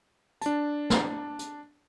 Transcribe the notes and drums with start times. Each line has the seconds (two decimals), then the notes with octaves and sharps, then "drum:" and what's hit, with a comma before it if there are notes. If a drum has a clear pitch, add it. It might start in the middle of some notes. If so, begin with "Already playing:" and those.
0.41 D4 A5, drum: hi-hat
0.90 drum: snare
1.39 drum: hi-hat